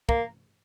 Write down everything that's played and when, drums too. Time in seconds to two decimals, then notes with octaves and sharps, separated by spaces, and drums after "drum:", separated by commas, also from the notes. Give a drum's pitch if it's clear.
0.09 A#3, drum: kick